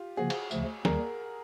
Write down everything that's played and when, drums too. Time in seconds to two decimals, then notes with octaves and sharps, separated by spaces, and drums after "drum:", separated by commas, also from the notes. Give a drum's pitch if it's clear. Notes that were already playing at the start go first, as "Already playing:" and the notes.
Already playing: F4 G4
0.17 C#3 F3 A#3 F#4 G#4
0.30 drum: cymbal
0.51 D2 C#3 F3 A3, drum: tambourine
0.85 D#2 D#3 G3 G#4 A#4, drum: snare